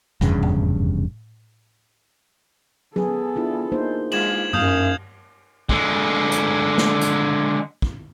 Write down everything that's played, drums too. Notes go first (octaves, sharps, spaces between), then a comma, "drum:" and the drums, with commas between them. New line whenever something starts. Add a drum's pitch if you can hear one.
F1 E2 G2 C#3, drum: rim click
drum: tom A2
B3 G#4 A4 B4, drum: tom F#3
D4 E4 F4
A#3 D#4 C5
G#3 F4 G#6 E7 F#7, drum: cymbal
F#2 F5 D#6 G6 F7, drum: tom G2
D3 G#3, drum: kick
drum: hi-hat
drum: snare
drum: hi-hat
drum: kick